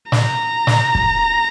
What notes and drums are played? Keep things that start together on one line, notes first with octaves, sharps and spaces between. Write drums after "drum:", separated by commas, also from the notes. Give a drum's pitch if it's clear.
A#5, drum: snare
drum: snare
drum: kick